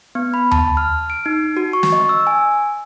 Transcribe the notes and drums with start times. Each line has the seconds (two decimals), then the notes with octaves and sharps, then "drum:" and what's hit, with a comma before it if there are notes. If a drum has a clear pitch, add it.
0.15 B3
0.34 B5
0.51 A5, drum: tom D#2
0.77 F6
1.10 D7
1.26 D#4
1.57 F#4
1.73 C#6
1.83 drum: snare
1.92 D#5
2.09 E6
2.27 G#5